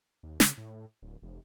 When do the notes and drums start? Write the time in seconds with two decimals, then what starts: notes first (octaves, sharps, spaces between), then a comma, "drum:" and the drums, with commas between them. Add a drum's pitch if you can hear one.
0.23 D#2
0.40 C#3, drum: snare
0.58 A2
1.02 D1
1.22 F1